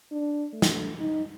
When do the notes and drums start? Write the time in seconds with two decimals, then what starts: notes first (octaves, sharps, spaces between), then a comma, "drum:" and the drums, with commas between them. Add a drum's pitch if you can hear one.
0.12 D4
0.53 A3
0.62 drum: snare
1.00 D#4